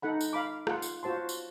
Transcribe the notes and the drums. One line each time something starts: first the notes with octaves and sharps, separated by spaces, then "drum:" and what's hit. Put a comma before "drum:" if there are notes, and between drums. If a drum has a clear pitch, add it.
D#4 A4 F#5 B5
drum: tambourine
F5 B5 D6
F4 F#5, drum: rim click
drum: tambourine
F4 F#4 C5 A5 C6
drum: tambourine